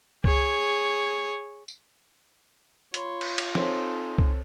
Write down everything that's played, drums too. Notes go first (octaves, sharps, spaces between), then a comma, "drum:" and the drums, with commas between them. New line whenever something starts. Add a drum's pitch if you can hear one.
G#4 C#5, drum: kick C2
drum: tambourine
F4 C#5 B5 C6, drum: hi-hat
drum: cymbal
drum: cymbal
C4 D#4 A4 C#5 G#5 C6, drum: snare
drum: kick C2